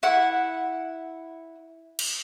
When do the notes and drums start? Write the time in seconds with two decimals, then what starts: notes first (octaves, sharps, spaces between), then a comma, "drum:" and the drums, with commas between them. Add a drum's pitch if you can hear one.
0.03 E4 F#5
1.99 drum: cymbal